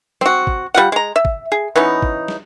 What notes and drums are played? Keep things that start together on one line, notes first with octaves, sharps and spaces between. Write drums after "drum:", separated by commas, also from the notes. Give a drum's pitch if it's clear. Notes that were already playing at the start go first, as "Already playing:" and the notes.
C4 F#4, drum: snare
drum: kick
G3 F4 F#5
G#3 A#5
E5
drum: kick
G#4
E3 B3 C#4 D#4
drum: kick
drum: snare